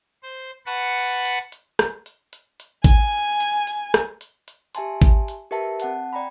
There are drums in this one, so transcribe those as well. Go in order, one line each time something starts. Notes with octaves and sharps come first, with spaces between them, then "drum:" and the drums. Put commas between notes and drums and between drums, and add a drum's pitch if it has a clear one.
C5
B4 F#5 A5 B5 C#6
drum: hi-hat
drum: hi-hat
drum: hi-hat
drum: rim click
drum: hi-hat
drum: hi-hat
drum: hi-hat
G#5, drum: kick A1, hi-hat
drum: hi-hat
drum: hi-hat
drum: rim click
drum: hi-hat
drum: hi-hat
G4 E5 G#5 A5 C6, drum: hi-hat
drum: kick A1, hi-hat
drum: hi-hat
G4 A#4 B4 E5 A5
C4 F#5 A5, drum: hi-hat
D5 G5 A#5 B5